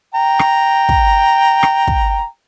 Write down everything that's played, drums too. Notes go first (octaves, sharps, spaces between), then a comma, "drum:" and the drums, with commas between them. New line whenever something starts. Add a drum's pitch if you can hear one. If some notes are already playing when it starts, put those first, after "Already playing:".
G5 A#5
drum: rim click
drum: kick
drum: rim click
drum: kick